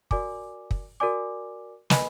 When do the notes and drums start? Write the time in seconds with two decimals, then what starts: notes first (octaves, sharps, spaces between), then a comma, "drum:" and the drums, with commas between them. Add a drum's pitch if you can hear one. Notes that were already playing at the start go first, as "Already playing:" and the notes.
0.11 F#4 A#4 D5 G#5 D6, drum: kick
0.71 drum: kick
1.00 F#4 A#4 D5 G#5 D6
1.90 B4 D#5 G#5 B5, drum: snare